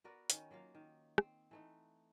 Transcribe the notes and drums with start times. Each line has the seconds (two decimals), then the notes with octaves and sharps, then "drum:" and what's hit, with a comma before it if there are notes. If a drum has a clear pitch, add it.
0.04 B3 F#4 A#4 D5
0.30 D#3 C#4 D#4, drum: hi-hat
0.51 F#3 A#3 F4 F5
0.75 D#3
1.18 C4, drum: rim click
1.51 E3 A3 D#4